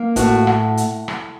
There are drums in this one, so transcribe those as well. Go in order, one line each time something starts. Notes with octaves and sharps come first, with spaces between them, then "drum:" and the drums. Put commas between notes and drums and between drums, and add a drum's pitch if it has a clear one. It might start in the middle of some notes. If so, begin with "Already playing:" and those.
Already playing: A#3
A2 F#4, drum: kick, hi-hat
drum: rim click
drum: hi-hat
drum: rim click